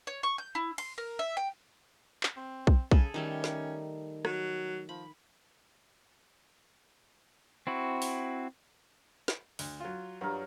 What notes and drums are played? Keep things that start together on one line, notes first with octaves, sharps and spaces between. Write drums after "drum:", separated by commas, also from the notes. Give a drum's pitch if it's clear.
C#5
C#6
G6
E4
C6, drum: cymbal
A#4
E5
G5
drum: clap
C4
drum: kick B1
C#3 G#4 A4, drum: kick B1
D#3 G3 A3 C#4
drum: snare
F#3, drum: rim click
F3 B5
C4 E4 F#4
drum: open hi-hat
drum: snare
D2, drum: open hi-hat
F#3 F4
G2 F#3 G3 A#4